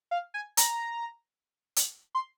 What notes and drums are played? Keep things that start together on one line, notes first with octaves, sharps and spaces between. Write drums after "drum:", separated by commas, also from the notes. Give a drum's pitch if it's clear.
F5
G#5
A#5, drum: hi-hat
drum: hi-hat
C6